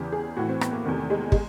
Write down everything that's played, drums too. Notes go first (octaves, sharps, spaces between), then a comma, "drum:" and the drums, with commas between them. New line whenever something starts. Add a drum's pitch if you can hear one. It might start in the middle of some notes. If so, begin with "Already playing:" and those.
Already playing: E2 C#3 E3 G4
G#4
A2 E3 F#4
C4
B3, drum: rim click
A#3
E2 C3 D#3 A3
G#3
G#3, drum: kick